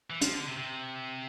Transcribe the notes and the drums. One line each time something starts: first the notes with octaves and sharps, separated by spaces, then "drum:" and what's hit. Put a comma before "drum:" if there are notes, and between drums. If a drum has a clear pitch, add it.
E3
F3, drum: hi-hat
D3
C3
C3